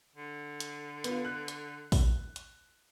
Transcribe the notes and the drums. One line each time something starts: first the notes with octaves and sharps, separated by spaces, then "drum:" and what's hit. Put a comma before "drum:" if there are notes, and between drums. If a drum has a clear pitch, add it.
D3
drum: hi-hat
B3 F4, drum: hi-hat
F#6
drum: hi-hat
drum: kick A#1, open hi-hat
drum: hi-hat